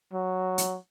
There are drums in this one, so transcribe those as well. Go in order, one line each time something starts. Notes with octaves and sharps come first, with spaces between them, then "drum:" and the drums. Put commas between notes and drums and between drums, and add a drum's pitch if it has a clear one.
F#3
drum: hi-hat